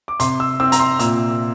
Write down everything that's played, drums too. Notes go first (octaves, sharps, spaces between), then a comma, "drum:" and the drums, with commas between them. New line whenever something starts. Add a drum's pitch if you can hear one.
D6
C3 C6, drum: hi-hat
E6
C4 E6
A#5, drum: hi-hat
C6
A#2 E6, drum: hi-hat